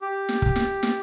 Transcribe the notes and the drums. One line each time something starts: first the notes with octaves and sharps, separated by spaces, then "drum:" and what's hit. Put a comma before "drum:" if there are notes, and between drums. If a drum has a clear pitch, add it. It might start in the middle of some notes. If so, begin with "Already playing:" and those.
G4
drum: snare
drum: kick
drum: snare
drum: snare